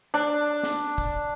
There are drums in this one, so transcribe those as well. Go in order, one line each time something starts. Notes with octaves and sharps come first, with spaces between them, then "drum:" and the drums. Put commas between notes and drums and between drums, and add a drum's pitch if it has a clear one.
D4
drum: snare
drum: kick